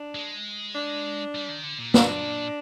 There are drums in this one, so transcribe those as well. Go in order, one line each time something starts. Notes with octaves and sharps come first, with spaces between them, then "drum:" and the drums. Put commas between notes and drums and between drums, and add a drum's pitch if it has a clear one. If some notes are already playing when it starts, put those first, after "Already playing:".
Already playing: D4
G#3
D4
G3
D#3
D3
A#2
D4, drum: snare